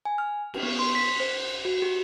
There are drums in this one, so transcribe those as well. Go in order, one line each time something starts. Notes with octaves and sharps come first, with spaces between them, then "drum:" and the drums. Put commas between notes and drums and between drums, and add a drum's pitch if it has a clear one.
G#5
F6
drum: cymbal
B3
C6
B6
C5
F#4
G4